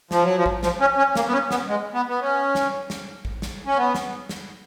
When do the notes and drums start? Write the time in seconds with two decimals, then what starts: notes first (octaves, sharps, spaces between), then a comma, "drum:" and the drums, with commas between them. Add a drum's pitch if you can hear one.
0.11 F3, drum: snare
0.23 F#3
0.36 F3
0.46 drum: kick A1
0.63 F3, drum: snare
0.81 C#4
0.98 C#4
1.16 A#3, drum: snare
1.27 B3
1.33 C#4
1.51 B3, drum: snare
1.68 G#3
1.94 B3
2.09 B3
2.21 C#4
2.55 drum: snare
2.90 drum: snare
3.25 drum: kick A1
3.42 drum: snare
3.66 C#4
3.77 B3
3.95 drum: snare
4.29 drum: snare